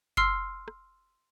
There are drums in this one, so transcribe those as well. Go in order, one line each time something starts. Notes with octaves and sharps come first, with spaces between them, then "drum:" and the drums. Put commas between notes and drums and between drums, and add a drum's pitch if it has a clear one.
C6 E6 F6 C7, drum: kick F#1
drum: rim click